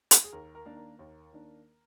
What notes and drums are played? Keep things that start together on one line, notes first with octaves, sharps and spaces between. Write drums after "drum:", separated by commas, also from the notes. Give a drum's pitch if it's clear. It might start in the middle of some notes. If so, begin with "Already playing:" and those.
drum: hi-hat
G#4
D#2 A#4
A#4
D#3 A#3 D4
A#4
D#2
D#3 A#3 D4